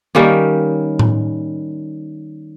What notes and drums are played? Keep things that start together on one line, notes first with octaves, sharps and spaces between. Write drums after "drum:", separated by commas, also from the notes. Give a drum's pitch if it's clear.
D#3 G3 A#3 C#4
drum: tom A2